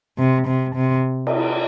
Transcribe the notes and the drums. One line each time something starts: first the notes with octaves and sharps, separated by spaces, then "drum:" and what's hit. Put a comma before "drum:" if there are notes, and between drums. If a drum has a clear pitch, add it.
C3
C3
C3
drum: cymbal